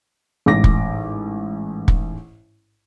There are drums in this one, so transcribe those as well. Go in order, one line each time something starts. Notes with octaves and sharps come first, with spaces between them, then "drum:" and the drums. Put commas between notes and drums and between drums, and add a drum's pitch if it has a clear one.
A1 G#2 D6 A#6
drum: kick
drum: kick